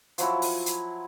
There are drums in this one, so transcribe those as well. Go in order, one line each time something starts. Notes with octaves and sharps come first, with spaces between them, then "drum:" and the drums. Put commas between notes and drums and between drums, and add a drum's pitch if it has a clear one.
F3 F#3 E4, drum: hi-hat
drum: open hi-hat
drum: hi-hat